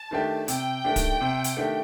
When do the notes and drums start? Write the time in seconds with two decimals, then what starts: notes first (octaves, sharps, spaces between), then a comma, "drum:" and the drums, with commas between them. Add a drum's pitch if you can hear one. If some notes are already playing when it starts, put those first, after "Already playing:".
Already playing: A5
0.11 D#3 A3 D4 G4
0.48 C3 G5, drum: hi-hat
0.84 D#3 A3 D4 G4
0.96 drum: kick D1, hi-hat
1.21 C3
1.44 drum: hi-hat
1.57 D#3 A3 D4 G4